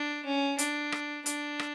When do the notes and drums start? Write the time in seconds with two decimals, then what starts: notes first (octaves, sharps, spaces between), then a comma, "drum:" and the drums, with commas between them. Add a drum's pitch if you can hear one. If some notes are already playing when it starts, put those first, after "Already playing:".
Already playing: D4
0.25 C#4
0.58 D4, drum: hi-hat
0.92 drum: rim click
1.26 D4, drum: hi-hat
1.59 drum: rim click